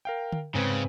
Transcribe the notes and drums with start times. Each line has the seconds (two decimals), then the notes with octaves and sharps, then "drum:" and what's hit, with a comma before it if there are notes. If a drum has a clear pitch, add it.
0.05 A#4 F5 G5
0.32 drum: tom D3
0.55 G#2 C#3 C4 B4 G#5